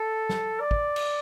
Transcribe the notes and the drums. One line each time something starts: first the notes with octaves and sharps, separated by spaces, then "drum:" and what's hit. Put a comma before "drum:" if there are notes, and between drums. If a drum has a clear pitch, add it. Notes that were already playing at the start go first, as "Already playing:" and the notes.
Already playing: A4
drum: snare
D5
drum: kick
drum: cymbal